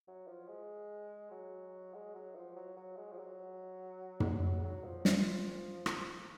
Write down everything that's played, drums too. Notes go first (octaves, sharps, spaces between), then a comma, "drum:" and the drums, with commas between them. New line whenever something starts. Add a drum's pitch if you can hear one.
F#3
F3
G#3
F#3
G#3
F#3
F3
F#3
F#3
G#3
F3
F#3
drum: tom
F#3
F#3
F3
F3, drum: snare
drum: rim click